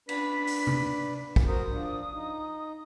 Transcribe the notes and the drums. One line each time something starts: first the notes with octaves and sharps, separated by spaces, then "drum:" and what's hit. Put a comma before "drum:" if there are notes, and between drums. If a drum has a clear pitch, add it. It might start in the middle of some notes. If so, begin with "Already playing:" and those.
D4 B4 B6, drum: cymbal
drum: open hi-hat
drum: tom C3
drum: kick
F#4 A#4 C5 D#6
F3 D4
D#4